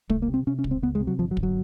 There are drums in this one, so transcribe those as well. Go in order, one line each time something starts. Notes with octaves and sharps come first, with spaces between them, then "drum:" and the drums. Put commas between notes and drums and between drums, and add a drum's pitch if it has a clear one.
C2 A3, drum: kick
A#3
C3
C4
C3 C#4
C#4
C#2, drum: kick
C4
C#2 B3
G#3
C3
F#3
G1 F3
F#3
G1, drum: kick
F#3